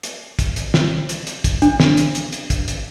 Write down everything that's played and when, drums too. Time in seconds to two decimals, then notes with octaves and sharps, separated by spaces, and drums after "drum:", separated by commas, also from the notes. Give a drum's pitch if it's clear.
0.03 drum: hi-hat
0.39 drum: kick, hi-hat
0.56 drum: hi-hat
0.74 drum: snare
1.09 drum: hi-hat
1.27 drum: hi-hat
1.44 drum: kick, hi-hat
1.62 D4, drum: hi-hat
1.80 drum: snare
1.97 drum: hi-hat
2.15 drum: hi-hat
2.32 drum: hi-hat
2.50 drum: kick, hi-hat
2.68 drum: hi-hat